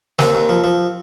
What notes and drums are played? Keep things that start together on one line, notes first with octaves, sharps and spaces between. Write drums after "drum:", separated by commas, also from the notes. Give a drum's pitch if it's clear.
D#2 C4, drum: snare
D#2
F3
F3